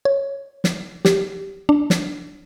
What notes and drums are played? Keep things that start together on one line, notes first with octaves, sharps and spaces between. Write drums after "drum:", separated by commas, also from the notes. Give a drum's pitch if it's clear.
C#5
drum: snare
G4, drum: snare
D4
drum: snare